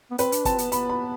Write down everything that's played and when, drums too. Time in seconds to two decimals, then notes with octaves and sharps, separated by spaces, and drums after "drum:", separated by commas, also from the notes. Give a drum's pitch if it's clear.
0.11 B3
0.18 C4 B4, drum: hi-hat
0.32 D4, drum: hi-hat
0.45 C4 A5, drum: kick, hi-hat
0.58 B3, drum: hi-hat
0.72 B3 B5, drum: hi-hat
0.89 B5